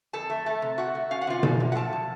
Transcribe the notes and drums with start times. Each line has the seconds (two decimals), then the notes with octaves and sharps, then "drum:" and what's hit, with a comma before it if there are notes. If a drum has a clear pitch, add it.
0.13 F2 A4 A5
0.30 A3
0.46 A3
0.62 C3
0.78 A3 F#4 F#5
0.95 A3
1.11 C#4 F5
1.21 F#5
1.27 C3 F4 F5
1.43 F3, drum: tom B2
1.60 C3
1.72 F#5
1.75 F3 A4 A5
1.93 F3